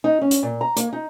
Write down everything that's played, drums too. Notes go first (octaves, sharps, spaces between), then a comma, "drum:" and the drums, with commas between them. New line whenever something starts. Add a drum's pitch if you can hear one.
D#4
C#4
drum: hi-hat
A#2
A#5
A#3, drum: hi-hat
D#4